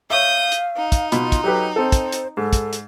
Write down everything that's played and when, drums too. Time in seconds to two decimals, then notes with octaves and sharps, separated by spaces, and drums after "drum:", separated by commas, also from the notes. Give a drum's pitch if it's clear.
0.10 C#5 E5 F5 D#6 G6
0.52 drum: hi-hat
0.76 D#4
0.92 drum: kick, hi-hat
1.12 B2 F4 B5, drum: hi-hat
1.32 drum: kick, hi-hat
1.44 F#3 G4 A4 B4
1.76 C4 A4 C5
1.92 drum: kick, hi-hat
2.12 drum: hi-hat
2.37 G#2 A4
2.53 drum: kick, hi-hat
2.73 drum: hi-hat